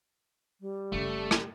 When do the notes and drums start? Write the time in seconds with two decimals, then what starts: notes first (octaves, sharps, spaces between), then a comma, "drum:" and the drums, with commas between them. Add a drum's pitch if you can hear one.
0.61 G3
0.92 F#1 C#3 A3
1.31 drum: rim click